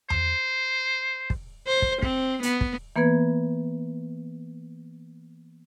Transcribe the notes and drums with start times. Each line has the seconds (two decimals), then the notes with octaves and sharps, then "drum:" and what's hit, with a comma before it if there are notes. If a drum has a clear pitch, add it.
0.10 C5, drum: tom E2
1.30 drum: kick
1.67 C5
1.82 drum: kick
2.03 C4, drum: kick
2.43 B3, drum: hi-hat
2.61 drum: kick
2.96 E3 A#3 B3 B4 G#6